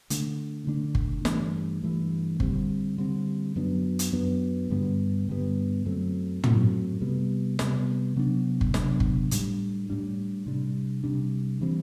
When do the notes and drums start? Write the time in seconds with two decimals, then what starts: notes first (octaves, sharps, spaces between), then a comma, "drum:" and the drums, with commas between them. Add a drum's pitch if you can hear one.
0.10 D3 A3 D4, drum: hi-hat
0.67 D3 A3 D4
0.95 drum: kick G1
1.25 G2 E3 A3, drum: snare
1.83 G2 E3 A3
2.40 D3 G3 C4, drum: kick G1
2.98 D3 G3 C4
3.56 F#2 F#3 B3 D4
3.99 drum: hi-hat
4.13 F#2 F#3 B3 D4
4.70 G2 D3 G3 B3
5.29 G2 D3 G3 B3
5.86 F#2 F#3 A3 C4
6.44 F#2 F#3 A3 C4, drum: tom
7.01 C3 G3 B3
7.59 C3 G3 B3, drum: snare
8.16 C3 F#3 B3 D4
8.61 drum: kick G1
8.74 C3 F#3 B3 D4, drum: snare
9.00 drum: kick G1
9.31 A2 G3 D4, drum: hi-hat
9.90 A2 G3 D4
10.46 C3 G3 D4
11.04 C3 G3 D4
11.61 E3 G3 C4